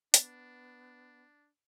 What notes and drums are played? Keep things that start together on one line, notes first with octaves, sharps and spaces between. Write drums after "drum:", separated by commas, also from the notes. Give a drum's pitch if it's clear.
B3 D4, drum: hi-hat